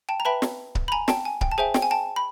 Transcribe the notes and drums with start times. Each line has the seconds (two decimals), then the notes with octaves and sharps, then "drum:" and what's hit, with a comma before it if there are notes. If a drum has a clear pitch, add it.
0.09 G5 A5
0.20 A#5
0.25 B4 E5 G5 A5 B5
0.42 drum: snare
0.75 drum: kick C#1
0.88 B5
0.92 G#5 A#5
1.08 G5 A5, drum: snare
1.25 G#5
1.41 G5, drum: kick C#1
1.52 A5
1.58 G#4 C5 E5 G5 G#5
1.74 G5, drum: snare
1.82 G#5
1.91 G5 A5
2.16 B5